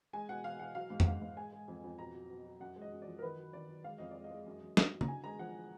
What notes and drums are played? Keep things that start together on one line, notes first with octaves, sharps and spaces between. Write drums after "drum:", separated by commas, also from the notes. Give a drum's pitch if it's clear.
G#3 G#5
B2 F#5
B2 F5
B2 F#5
F#3 F5
G#2
F#5, drum: tom
G#2 F5
G#2
G#3 G#5
G#3
F2
F2
B2 A#5
F#3
B2
F#3
F#2 F#5
G#3
D#5
F#2
F3 D5
A#4
D#3 B4
F#3
D#3 D5
F#3
G#3 F5
F2 D#5
G#3 D5
D#5
G#3
F#2
F#2
F#2, drum: snare
F#2
A#5, drum: tom C#3
D3 G#5
G#3 A#5
F3 F#5